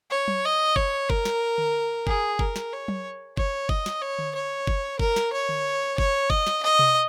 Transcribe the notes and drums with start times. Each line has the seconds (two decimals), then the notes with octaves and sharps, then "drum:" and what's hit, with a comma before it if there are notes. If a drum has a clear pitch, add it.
0.11 C#5
0.28 drum: tom F#3
0.45 D#5
0.76 C#5, drum: kick
1.10 A#4, drum: kick
1.25 drum: snare
1.58 drum: tom D3
2.07 G#4, drum: kick
2.39 A#4, drum: kick
2.56 drum: snare
2.73 C#5
2.88 drum: tom F#3
3.37 C#5, drum: kick
3.69 D#5, drum: kick
3.86 drum: snare
4.02 C#5
4.19 drum: tom D3
4.35 C#5
4.67 drum: kick
5.00 A#4, drum: kick
5.16 drum: snare
5.33 C#5
5.49 drum: tom D3
5.98 C#5, drum: kick
6.30 D#5, drum: kick
6.47 drum: snare
6.63 D#5
6.79 drum: tom B2